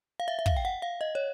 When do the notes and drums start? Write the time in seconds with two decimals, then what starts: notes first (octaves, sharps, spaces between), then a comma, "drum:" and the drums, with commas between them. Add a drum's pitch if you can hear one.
0.20 F5
0.28 E5
0.39 E5
0.46 F5, drum: kick
0.57 G5
0.65 F#5
0.82 F5
1.01 D#5
1.15 C#5